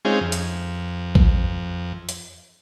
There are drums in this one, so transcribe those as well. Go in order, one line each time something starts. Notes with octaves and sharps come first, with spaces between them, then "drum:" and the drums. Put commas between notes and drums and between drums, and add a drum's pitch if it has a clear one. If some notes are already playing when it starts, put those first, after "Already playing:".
G#3 C4 C#4 D#4 F4 G#4
F2
drum: hi-hat
drum: kick A1
drum: hi-hat